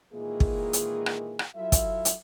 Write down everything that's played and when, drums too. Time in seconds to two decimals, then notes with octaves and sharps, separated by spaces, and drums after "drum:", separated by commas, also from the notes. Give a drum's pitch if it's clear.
0.13 A#2 D#3 E3 G#3 A#3 G#4
0.40 drum: kick
0.73 drum: hi-hat
1.06 drum: rim click
1.39 drum: rim click
1.56 F#3 E4 F4 A4 E5
1.72 drum: kick, hi-hat
2.05 drum: hi-hat